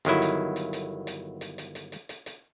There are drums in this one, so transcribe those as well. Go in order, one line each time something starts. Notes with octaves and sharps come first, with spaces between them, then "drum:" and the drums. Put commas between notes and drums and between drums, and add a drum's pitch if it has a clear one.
G1 D#3 F#3 E4, drum: hi-hat
drum: hi-hat
drum: hi-hat
drum: hi-hat
drum: hi-hat
drum: hi-hat
drum: hi-hat
drum: hi-hat
drum: hi-hat
drum: hi-hat
drum: hi-hat